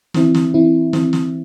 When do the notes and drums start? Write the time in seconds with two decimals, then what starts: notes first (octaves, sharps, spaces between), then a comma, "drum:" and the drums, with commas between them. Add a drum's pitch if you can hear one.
0.14 E3 C4 E4, drum: snare
0.35 drum: snare
0.54 E3 C4 E4
0.93 E3 C4 E4, drum: snare
1.13 drum: snare